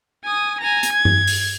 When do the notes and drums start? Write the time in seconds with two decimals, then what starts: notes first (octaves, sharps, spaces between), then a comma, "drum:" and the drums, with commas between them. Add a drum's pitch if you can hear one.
0.24 G#5 D#6
0.61 G#5 A#5
0.83 drum: hi-hat
0.93 G#6
1.05 drum: tom G2
1.27 drum: open hi-hat